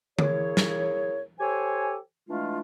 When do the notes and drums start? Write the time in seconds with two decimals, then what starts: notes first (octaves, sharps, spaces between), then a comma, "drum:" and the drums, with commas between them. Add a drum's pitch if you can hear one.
0.19 A#3 E4 G#4 C#5, drum: tom D3
0.57 drum: snare
1.40 G4 A4 C5 C#5 G#5
2.29 E3 G#3 A3 D4 F4